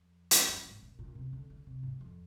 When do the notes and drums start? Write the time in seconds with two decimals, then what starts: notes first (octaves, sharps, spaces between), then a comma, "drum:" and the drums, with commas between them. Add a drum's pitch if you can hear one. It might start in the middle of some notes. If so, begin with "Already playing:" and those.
Already playing: F2
0.31 drum: hi-hat
0.48 G2
0.65 G#2
0.82 A#2
0.99 A#2
1.15 C3
1.33 D3
1.50 D3
1.67 C3
1.83 G#2
2.01 F2